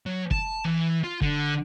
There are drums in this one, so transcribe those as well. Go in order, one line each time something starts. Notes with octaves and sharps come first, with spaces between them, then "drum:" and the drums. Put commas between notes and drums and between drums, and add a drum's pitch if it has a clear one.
F#3
A5, drum: kick
E3
F4
D3, drum: kick